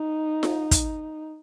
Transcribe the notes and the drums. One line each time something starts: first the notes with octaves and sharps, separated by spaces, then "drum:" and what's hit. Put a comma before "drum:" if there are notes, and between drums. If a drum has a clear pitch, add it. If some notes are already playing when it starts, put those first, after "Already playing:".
Already playing: D#4
drum: snare F4
drum: kick, hi-hat